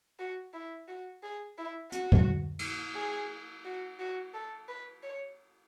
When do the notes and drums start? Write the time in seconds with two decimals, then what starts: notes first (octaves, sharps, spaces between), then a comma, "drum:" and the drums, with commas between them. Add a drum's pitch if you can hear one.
0.19 F#4
0.54 E4
0.88 F#4
1.23 G#4
1.58 E4
1.92 F#4, drum: hi-hat
2.12 drum: kick D2
2.59 drum: cymbal
2.96 G#4
3.65 F#4
3.99 F#4
4.34 A4
4.69 B4
5.03 C#5